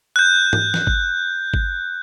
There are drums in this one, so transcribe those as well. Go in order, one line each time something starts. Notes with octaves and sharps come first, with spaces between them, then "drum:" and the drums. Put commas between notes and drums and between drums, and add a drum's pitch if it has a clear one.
F#6 G6
drum: tom G#2
drum: snare
drum: kick G#1
drum: kick G#1